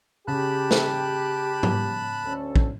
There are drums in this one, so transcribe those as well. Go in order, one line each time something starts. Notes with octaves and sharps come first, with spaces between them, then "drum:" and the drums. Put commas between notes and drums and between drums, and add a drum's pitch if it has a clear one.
C#3 G4 A5 B5 F#6
drum: snare
drum: tom G#2
D2 C#4 A4
drum: kick A#1